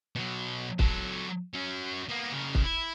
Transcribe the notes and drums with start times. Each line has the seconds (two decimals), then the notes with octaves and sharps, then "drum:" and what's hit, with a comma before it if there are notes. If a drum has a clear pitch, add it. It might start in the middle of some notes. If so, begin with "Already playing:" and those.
0.16 B2 F#3
0.79 F#3 A4, drum: kick
1.54 F#3 C#4
2.09 A#3 B3
2.32 C#3 A#4
2.55 drum: kick
2.64 E4